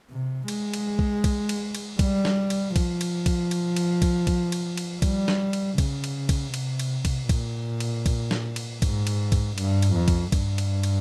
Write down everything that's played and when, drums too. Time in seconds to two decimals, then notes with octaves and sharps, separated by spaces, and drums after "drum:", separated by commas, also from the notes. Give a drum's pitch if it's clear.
0.11 C3
0.48 G#3, drum: cymbal
0.74 drum: cymbal
0.99 drum: kick B1
1.24 drum: kick B1, cymbal
1.49 drum: cymbal
1.75 drum: cymbal
1.99 G3, drum: kick B1, cymbal
2.25 drum: snare
2.50 drum: cymbal
2.76 F3, drum: kick B1, cymbal
3.01 drum: cymbal
3.26 drum: kick B1, cymbal
3.51 drum: cymbal
3.77 drum: cymbal
4.02 drum: kick B1, cymbal
4.27 drum: kick B1, cymbal
4.52 drum: cymbal
4.77 drum: cymbal
5.02 G3, drum: kick B1, cymbal
5.28 drum: snare
5.53 drum: cymbal
5.78 C#3, drum: kick B1, cymbal
6.04 drum: cymbal
6.29 drum: kick B1, cymbal
6.54 C3, drum: cymbal
6.79 drum: cymbal
7.05 drum: kick B1, cymbal
7.29 A#2, drum: kick B1, cymbal
7.80 drum: cymbal
8.06 drum: kick B1, cymbal
8.31 drum: snare
8.56 drum: cymbal
8.82 G#2, drum: kick B1, cymbal
9.07 drum: cymbal
9.32 drum: kick B1, cymbal
9.58 G2, drum: cymbal
9.82 drum: cymbal
9.95 F2
10.08 drum: kick B1, cymbal
10.32 G2, drum: kick B1, cymbal
10.58 drum: cymbal
10.83 drum: cymbal